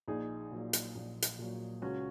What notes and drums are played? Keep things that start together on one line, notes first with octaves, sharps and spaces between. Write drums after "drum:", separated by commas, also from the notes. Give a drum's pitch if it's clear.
A#1 D#4 G#4
A#2 F#3
drum: hi-hat
A#1
drum: hi-hat
A#2 F#3
C#2 C#4 F#4